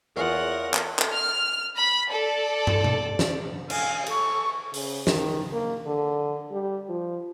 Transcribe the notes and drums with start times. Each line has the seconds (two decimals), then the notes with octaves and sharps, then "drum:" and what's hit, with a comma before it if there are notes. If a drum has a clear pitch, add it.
0.17 E2 F4 G#4 A#4 C#5 F#5
0.74 drum: clap
0.99 drum: clap
1.12 F6
1.78 B5
2.11 A4 D5
2.67 drum: tom
2.84 drum: tom B2
3.19 drum: snare
3.70 F5 G#5, drum: cymbal
4.06 A4 C#6, drum: cymbal
4.73 C#3, drum: open hi-hat
5.07 D#3, drum: snare
5.53 A#3
5.85 D3
6.52 G3
6.89 F3